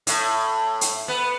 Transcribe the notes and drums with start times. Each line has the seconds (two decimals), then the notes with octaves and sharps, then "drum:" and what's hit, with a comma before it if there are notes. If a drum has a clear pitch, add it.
0.07 A2, drum: hi-hat
0.81 drum: hi-hat
1.08 B3